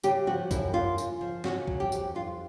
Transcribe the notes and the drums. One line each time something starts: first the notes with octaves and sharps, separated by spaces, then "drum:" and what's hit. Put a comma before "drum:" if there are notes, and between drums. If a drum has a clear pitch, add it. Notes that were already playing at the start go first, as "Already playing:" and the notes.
C#3 G4, drum: tambourine
F3 F#4
F#2 E4, drum: kick, tambourine
F#2 F4
C#3, drum: tambourine
F3
C#3 F#4, drum: snare
F#3, drum: kick
G4
F2, drum: tambourine
F2 F4